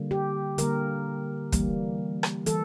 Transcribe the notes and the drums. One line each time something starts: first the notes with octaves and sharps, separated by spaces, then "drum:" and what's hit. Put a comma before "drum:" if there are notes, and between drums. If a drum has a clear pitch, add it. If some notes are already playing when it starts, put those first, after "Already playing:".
Already playing: D3 G3 A#3
G4
D3 G3 A#3 A#4, drum: hi-hat
E3 G3 A#3, drum: kick, hi-hat
drum: rim click
E3 G3 A4, drum: hi-hat